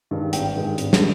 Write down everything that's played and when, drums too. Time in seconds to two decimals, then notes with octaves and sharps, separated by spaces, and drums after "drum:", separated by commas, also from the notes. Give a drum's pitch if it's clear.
0.11 G2 D#3 G#3
0.33 G#1 G5, drum: hi-hat
0.55 G2 D#3 G#3
0.78 G#1, drum: hi-hat
0.93 drum: snare